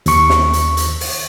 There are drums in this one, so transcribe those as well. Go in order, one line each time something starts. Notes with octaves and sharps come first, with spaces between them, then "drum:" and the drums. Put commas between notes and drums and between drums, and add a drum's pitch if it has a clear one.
D#2 C#6, drum: hi-hat
drum: snare
drum: hi-hat
drum: hi-hat
drum: open hi-hat